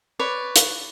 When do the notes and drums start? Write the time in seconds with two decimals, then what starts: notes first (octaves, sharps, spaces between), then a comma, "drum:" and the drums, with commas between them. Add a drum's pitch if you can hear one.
0.19 B4 C#5 D5
0.56 drum: hi-hat